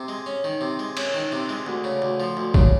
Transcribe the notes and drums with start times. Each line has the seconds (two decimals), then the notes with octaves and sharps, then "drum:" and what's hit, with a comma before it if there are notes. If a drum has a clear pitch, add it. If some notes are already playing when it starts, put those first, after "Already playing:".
Already playing: C3
0.08 G#3
0.26 C#4
0.44 D#3
0.61 C3
0.79 G#3
0.97 C#4, drum: cymbal
1.14 D#3
1.32 C3
1.49 G#3
1.67 D2
1.84 C#3
2.02 D2
2.20 F3
2.37 D2
2.54 C#3, drum: kick